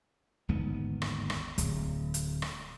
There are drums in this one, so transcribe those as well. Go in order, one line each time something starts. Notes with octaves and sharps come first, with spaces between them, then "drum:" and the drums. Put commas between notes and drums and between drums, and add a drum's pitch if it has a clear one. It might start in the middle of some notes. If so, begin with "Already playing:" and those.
G1 D#2 G#2 B3
drum: rim click
drum: rim click
D1, drum: kick, hi-hat
drum: hi-hat
drum: rim click